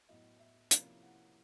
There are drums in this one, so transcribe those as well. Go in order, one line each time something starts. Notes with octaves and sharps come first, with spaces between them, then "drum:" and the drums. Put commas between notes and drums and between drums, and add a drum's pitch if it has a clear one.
A2 F#3 B3 D#5
E5
C3 F3 A#3 C#4 E4 F5, drum: hi-hat
F#5